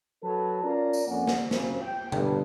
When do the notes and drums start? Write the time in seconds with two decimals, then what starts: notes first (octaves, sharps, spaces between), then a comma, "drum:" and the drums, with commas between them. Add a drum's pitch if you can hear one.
0.23 F#3 A4 B4 A5
0.63 C#4 F4 A#4 D5 A#5
0.93 drum: tambourine
1.07 F2 A#3 C#4 D5 F#5
1.27 drum: snare
1.51 F#2 A#2 C#3 C4, drum: snare
1.82 G5
2.12 G1 G2, drum: tom B2